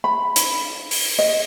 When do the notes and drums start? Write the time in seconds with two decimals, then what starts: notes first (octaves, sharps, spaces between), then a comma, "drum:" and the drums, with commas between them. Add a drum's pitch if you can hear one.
0.04 B5
0.36 drum: hi-hat
0.91 drum: open hi-hat
1.19 D#5